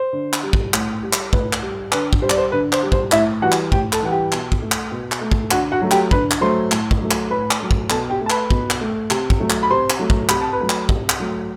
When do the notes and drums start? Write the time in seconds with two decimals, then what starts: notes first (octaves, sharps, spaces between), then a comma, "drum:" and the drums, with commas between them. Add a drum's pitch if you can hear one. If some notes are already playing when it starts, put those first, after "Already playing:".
Already playing: C5
0.13 D3
0.33 drum: clap
0.43 G3
0.53 drum: kick
0.74 A2, drum: clap
1.03 G3
1.13 drum: clap
1.33 A2 B4, drum: kick
1.53 drum: clap
1.62 G3
1.92 D3 B4, drum: clap
2.13 drum: kick
2.22 G3 C5
2.30 D5, drum: clap
2.38 C5
2.52 D3 B4
2.72 C5, drum: clap
2.83 G3
2.92 C5, drum: kick
3.12 A2 E4 E5, drum: clap
3.42 E3 G3 F#4 F#5
3.52 drum: clap
3.72 A2 G4 G5, drum: kick
3.93 A4 A5, drum: clap
4.03 E3 G3 F#5
4.11 G4 G5
4.32 B2, drum: clap
4.52 drum: kick
4.62 A3
4.72 drum: clap
4.92 B2
5.12 drum: clap
5.21 A3
5.32 drum: kick
5.51 D3 F#4 F#5, drum: clap
5.72 F#4 F#5
5.82 F#3 A3
5.91 G4 G5, drum: clap
6.11 D3 B4 B5, drum: kick
6.31 drum: clap
6.41 F#3 A3 C5 C6
6.72 A2, drum: clap
6.91 drum: kick
7.01 F#3 A3
7.11 drum: clap
7.30 A2 B4 B5
7.51 drum: clap
7.60 F#3 A3
7.71 drum: kick
7.90 B2 A4 A5, drum: clap
8.10 G4 G5
8.21 A3
8.26 A5
8.30 B4 B5, drum: clap
8.50 B2, drum: kick
8.70 drum: clap
8.81 A3
9.10 C3, drum: clap
9.30 drum: kick
9.40 F#3 A3
9.50 drum: clap
9.63 B5
9.70 C3 C5 C6
9.90 drum: clap
9.99 F#3 A3
10.10 drum: kick
10.29 C3 B5, drum: clap
10.41 A5
10.53 B4 B5
10.60 F#3 A3
10.70 drum: clap
10.89 C3, drum: kick
11.09 drum: clap
11.20 F#3 A3